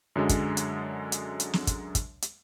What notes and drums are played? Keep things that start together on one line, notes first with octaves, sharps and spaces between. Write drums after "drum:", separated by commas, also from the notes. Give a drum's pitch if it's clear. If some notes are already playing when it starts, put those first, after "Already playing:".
F#2 D3 F#3 G#3
drum: kick, hi-hat
drum: hi-hat
drum: hi-hat
drum: hi-hat
drum: snare
drum: kick, hi-hat
drum: kick, hi-hat
drum: hi-hat